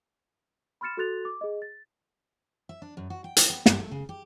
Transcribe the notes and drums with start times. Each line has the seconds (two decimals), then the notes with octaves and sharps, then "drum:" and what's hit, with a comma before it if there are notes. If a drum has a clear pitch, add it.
0.81 B5 C6 F6 A6 C#7 E7
0.97 F#4 A4 C6 F#6 A6 F7
1.25 D6
1.41 G#4 D#5
1.62 A6
2.69 E5
2.82 D4
2.97 F#2
3.10 F#4
3.24 G5
3.37 G5, drum: hi-hat
3.50 B3
3.66 G2, drum: snare
3.80 A3
3.91 C#3
4.09 G4